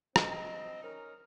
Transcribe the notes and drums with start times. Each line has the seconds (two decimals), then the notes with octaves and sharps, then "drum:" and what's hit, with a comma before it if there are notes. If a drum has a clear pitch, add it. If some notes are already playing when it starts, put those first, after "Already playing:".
0.16 C4 D#5, drum: rim click
0.82 C#4 D#4 A#4